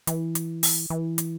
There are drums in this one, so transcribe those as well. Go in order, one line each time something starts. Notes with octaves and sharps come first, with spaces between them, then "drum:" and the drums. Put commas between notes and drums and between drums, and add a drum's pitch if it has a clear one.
E3, drum: hi-hat
drum: hi-hat
drum: open hi-hat
E3
drum: hi-hat